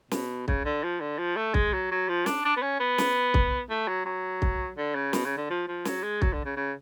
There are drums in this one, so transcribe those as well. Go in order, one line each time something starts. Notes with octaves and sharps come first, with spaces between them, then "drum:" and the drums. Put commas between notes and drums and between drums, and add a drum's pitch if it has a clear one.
B2, drum: snare
C#3, drum: kick
D3
F3
D3
F3
A3
G#3, drum: kick
F#3
F#3
F3
D4, drum: snare
D4
B3
C#4
B3
drum: snare
drum: kick
A3
F#3
F#3
drum: kick
D3
C#3
B2, drum: snare
C#3
D3
F3
F3
F#3, drum: snare
G#3
F#3, drum: kick
D3
C#3
C#3